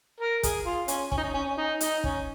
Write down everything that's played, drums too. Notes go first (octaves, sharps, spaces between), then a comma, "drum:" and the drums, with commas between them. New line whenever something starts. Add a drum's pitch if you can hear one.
A#4
G#4, drum: kick, hi-hat
F4
C#4, drum: hi-hat
C#4, drum: kick
D#4
C#4
C#4
C#4
D#4
D#4, drum: hi-hat
C#4, drum: kick